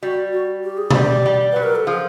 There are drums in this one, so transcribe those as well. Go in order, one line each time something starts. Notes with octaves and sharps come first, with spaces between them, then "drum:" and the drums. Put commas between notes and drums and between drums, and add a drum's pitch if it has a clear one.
G3 F#4
F#4
G4
G#4
G3 G4, drum: tom B2
G3
F#3 B4
A#4
A4
F3 G#4